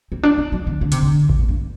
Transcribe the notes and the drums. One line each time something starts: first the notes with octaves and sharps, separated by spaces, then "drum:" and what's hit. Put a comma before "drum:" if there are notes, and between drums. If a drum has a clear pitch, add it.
C4
D4
D#4
F#3
D#3
D3
C3, drum: hi-hat
D3
drum: kick A1
A2
G2